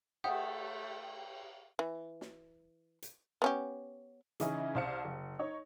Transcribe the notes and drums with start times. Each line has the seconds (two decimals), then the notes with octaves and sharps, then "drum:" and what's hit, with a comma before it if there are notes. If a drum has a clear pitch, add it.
0.24 A3 E5 F#5 G5 D#6, drum: cymbal
1.79 E3
2.21 drum: snare
3.02 drum: hi-hat
3.42 B3 C#4 G4
4.40 C#3 E3 C#4 D#4 E4 G#4, drum: hi-hat
4.75 C2 C5 F5 A5 C#7
5.05 F#1
5.39 D#4 C#5